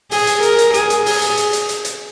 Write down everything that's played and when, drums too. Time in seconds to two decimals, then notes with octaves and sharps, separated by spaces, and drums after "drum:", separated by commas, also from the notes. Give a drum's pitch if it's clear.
0.11 G#4, drum: open hi-hat
0.27 drum: hi-hat
0.42 A#4, drum: hi-hat
0.58 drum: hi-hat
0.74 G#4, drum: hi-hat
0.90 drum: hi-hat
1.06 G#4, drum: open hi-hat
1.22 drum: hi-hat
1.37 drum: hi-hat
1.53 drum: hi-hat
1.69 drum: hi-hat
1.85 drum: hi-hat